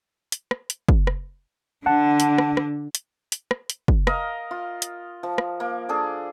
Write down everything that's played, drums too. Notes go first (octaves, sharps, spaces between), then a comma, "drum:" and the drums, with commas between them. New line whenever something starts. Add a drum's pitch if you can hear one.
drum: hi-hat
drum: rim click
drum: hi-hat
drum: kick
drum: rim click
D3 D4 F#5 A5
drum: hi-hat
drum: rim click
drum: rim click
drum: hi-hat
drum: hi-hat
drum: rim click
drum: hi-hat
drum: kick
A#4 D#5 F5, drum: rim click
F4
drum: hi-hat
F3
drum: rim click
A#3
D4 G#4 A4 D5